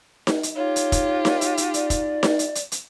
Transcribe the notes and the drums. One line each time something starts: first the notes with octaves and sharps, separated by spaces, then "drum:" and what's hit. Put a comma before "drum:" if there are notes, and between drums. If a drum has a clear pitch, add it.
drum: snare D#4
drum: hi-hat
D#4 F4 G4 C#5
drum: hi-hat
drum: kick, hi-hat
drum: snare D#4
drum: hi-hat
drum: hi-hat
D5, drum: hi-hat
drum: kick, hi-hat
drum: snare D#4
drum: hi-hat
drum: hi-hat
drum: hi-hat